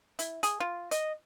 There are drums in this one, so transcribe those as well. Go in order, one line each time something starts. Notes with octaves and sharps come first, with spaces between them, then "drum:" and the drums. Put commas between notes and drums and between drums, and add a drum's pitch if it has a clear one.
E4, drum: hi-hat
G#4, drum: hi-hat
F4
D#5, drum: hi-hat